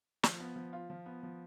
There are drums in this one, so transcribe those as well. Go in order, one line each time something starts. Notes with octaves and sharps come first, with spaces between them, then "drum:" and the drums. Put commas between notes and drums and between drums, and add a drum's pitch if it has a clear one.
F3, drum: snare
B3
F3
F4
F3
B3
F3